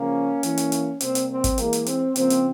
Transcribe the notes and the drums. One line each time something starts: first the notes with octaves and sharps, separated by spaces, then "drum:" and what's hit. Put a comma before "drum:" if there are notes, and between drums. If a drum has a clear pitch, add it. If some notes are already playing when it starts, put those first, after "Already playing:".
Already playing: C#3 F3 G#3 A#3 C#4
E3 A#3, drum: hi-hat
drum: hi-hat
drum: hi-hat
C3 G3 A#3 C4, drum: hi-hat
drum: hi-hat
C4
drum: kick, hi-hat
E3 G#3 A#3, drum: hi-hat
drum: hi-hat
C4, drum: hi-hat
C#3 F3 A#3 C4, drum: hi-hat
drum: hi-hat